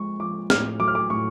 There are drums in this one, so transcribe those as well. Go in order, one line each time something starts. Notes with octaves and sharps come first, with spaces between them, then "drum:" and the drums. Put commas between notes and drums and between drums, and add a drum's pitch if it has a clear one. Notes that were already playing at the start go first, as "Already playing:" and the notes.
Already playing: F3 G#3 C#6
F3 D6
A2 F6, drum: snare
F#3 D6
F6
D6
A2 C#6